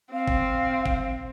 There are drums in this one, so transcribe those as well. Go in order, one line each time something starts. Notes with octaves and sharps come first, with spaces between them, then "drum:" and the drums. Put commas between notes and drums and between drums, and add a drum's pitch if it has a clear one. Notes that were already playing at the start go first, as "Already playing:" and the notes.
C4 F5
drum: kick G#1
drum: kick G#1